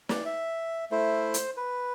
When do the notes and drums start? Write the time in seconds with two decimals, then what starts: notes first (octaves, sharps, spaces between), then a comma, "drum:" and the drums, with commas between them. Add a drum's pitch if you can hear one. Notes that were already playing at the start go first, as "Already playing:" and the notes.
0.09 D5, drum: snare
0.25 E5
0.91 A3 E4 C5
1.34 drum: hi-hat
1.57 B4